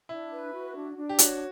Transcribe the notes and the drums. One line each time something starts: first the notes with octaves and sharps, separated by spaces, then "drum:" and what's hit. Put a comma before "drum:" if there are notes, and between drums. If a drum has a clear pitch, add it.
D4 E4
B4
F#4
D4
D4
G4
F#4 C#5, drum: hi-hat